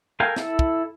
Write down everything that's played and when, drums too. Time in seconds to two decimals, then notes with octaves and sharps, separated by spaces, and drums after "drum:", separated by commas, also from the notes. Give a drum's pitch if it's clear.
0.20 A4 A#4 F5 G5 G#5
0.36 E4 A4, drum: snare
0.59 drum: kick